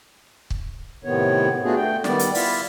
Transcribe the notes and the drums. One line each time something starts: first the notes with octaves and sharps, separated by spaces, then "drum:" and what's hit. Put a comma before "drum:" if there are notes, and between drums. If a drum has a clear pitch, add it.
drum: kick
A2 C3 D#3 B3 C#5
A3 B3 D4 F4 F#4 G#4
A3 G5
D#3 G3 B3 D5, drum: snare
drum: hi-hat
E4 F4 D5 E5 F5, drum: open hi-hat